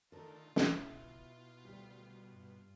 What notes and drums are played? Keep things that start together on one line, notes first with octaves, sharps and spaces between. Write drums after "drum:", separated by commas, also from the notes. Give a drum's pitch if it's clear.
D3 D#3 A3 F4 A4 A#4
B2 E4, drum: snare
D2 G3 G4
G2